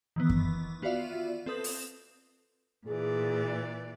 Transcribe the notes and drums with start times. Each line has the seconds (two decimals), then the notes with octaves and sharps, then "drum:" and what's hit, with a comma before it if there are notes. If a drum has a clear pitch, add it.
0.16 D#3 E3 B3
0.29 drum: kick F#2
0.82 B3 F4 F#4 D5 E5 F5
1.46 C4 A4 B4 D#6 E7
1.64 drum: open hi-hat
2.87 A#2 E3 G#4 D5